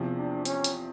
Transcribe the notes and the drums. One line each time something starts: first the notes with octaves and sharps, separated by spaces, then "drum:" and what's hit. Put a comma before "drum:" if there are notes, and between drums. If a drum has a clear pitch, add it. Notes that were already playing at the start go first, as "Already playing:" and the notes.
Already playing: E2 C3 F3
D4
C#4, drum: hi-hat
drum: hi-hat